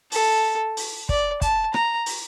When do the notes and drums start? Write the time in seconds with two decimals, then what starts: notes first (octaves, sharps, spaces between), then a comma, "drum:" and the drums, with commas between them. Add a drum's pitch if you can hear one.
0.12 A4, drum: open hi-hat
0.77 drum: open hi-hat
1.09 D5, drum: kick
1.42 A5, drum: kick, hi-hat
1.74 A#5, drum: rim click
2.06 drum: open hi-hat